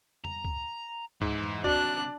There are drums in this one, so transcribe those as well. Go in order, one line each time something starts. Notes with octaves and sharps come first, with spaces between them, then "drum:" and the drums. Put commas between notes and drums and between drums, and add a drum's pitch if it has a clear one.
A#5, drum: tom F2
drum: kick C#2
G#2 E3 E4, drum: kick C#2
drum: tom F2
C3 F#3 D4 F#4 D5 F#6, drum: kick C#2